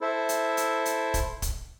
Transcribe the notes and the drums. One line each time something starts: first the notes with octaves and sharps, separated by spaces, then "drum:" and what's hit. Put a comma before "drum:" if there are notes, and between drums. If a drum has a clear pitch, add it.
E4 A4 C5 E5
drum: hi-hat
drum: hi-hat
drum: hi-hat
drum: kick, hi-hat
drum: kick, hi-hat